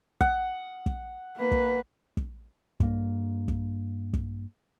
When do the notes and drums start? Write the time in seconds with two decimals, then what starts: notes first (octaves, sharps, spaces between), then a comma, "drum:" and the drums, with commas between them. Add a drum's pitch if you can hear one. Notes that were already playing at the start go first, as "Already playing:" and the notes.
0.21 F#5, drum: kick
0.86 drum: kick
1.36 A#3 B4
1.52 drum: kick
2.17 drum: kick
2.80 G2 A#3, drum: kick
3.48 drum: kick
4.13 drum: kick